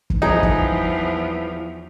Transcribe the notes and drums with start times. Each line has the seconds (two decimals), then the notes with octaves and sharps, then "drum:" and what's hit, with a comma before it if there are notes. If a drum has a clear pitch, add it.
0.10 drum: kick
0.22 E2 E3 F3 G3 D#4 G#4 D#5
0.43 drum: kick